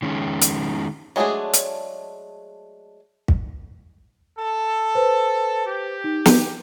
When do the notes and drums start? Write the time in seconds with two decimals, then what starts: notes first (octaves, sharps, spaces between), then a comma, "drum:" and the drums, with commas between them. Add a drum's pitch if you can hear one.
0.02 D#3 G#3 C#4
0.42 drum: hi-hat
1.16 F#3 G#3 A3 D4 G#4
1.54 drum: hi-hat
3.28 drum: kick
4.37 A4
4.95 B4 C5
5.66 G4
6.04 D#4
6.26 drum: snare